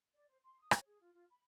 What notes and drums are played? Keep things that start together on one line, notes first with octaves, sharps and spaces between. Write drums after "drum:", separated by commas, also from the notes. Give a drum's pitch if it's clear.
D5
C5
C6
D#6
C#5, drum: rim click
G#4
F4
F4
B5